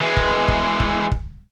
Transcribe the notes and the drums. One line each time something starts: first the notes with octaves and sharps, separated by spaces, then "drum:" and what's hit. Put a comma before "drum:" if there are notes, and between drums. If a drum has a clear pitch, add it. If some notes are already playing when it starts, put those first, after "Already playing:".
E3 G#3
drum: kick
drum: kick
drum: kick
drum: kick